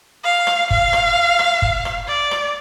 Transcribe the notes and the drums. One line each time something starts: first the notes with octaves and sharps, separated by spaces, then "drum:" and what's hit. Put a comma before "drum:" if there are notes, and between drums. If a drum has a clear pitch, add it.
F5
drum: rim click
F5, drum: kick F#1
drum: rim click
drum: rim click
drum: kick F#1
drum: rim click
D5
drum: rim click